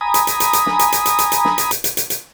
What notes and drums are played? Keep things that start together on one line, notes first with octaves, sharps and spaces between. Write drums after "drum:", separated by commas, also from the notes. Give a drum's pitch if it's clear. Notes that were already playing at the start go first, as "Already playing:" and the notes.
G#5 A#5 B5 D#6
drum: hi-hat
drum: hi-hat
drum: hi-hat
drum: hi-hat
drum: snare
drum: hi-hat
drum: hi-hat
drum: hi-hat
drum: hi-hat
drum: hi-hat
drum: snare
drum: hi-hat
drum: hi-hat
drum: hi-hat
drum: hi-hat
drum: hi-hat